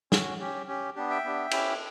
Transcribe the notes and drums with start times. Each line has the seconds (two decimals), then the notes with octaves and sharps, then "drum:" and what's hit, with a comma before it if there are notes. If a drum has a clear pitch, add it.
0.12 C#4 F#4, drum: snare
0.40 C#4 G4
0.67 C#4 G4
0.95 B3 D4 G4
1.10 E5 G5
1.24 B3 D4 G4
1.51 C#4 E4 G4, drum: cymbal